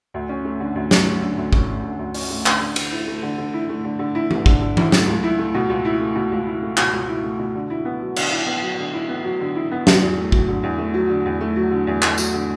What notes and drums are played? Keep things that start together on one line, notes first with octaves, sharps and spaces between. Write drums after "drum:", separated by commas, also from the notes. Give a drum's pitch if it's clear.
D2
C#4
A3
D3
D2
C#4, drum: snare
A3
D3
D2
C#4, drum: kick
A3
D3
D2
C#4, drum: open hi-hat
A3
D3, drum: clap
D3
D3, drum: cymbal
E4
A3
D3
D3
E4
A3
D3
D3
E4
A3, drum: tom E3
D3, drum: kick
D3
E4, drum: tom E3
A3, drum: snare
C#2
E4
A3
B2
C#2
E4
A3
B2
C#2
E4
A3
B2, drum: clap
C#2
E4
A3
B2
D3
E4
B3
F#3
D3, drum: cymbal
E4
B3
F#3
D3
E4
B3
F#3
D3
E4
B3
F#3, drum: snare
E2
A3
F#3, drum: kick
D3
E2
A3
F#3
D3
E2
A3
F#3
D3
E2
A3, drum: clap
F#3, drum: tambourine
D3